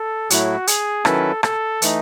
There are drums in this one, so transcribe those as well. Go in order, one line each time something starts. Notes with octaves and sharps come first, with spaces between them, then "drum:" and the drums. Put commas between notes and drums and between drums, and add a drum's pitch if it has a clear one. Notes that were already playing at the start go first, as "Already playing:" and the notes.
Already playing: A4
A2 F#3 A3 E4 F#4, drum: hi-hat
G#4, drum: hi-hat
D#3 F#3 C#4 E4 A4 B4, drum: rim click
A4, drum: rim click
E3 A3 D#4, drum: hi-hat